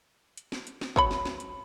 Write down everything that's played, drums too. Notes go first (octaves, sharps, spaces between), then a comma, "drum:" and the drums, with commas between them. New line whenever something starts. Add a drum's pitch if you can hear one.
drum: hi-hat
drum: snare
drum: hi-hat
drum: snare
F#3 C#5 B5, drum: kick
drum: snare
drum: snare
drum: hi-hat